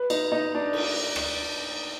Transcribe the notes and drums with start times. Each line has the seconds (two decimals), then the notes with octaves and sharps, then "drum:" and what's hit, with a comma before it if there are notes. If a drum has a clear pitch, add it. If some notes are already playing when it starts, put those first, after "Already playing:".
Already playing: B4
0.10 D#4, drum: cymbal
0.32 D#4
0.55 D4
0.73 drum: cymbal
1.16 drum: rim click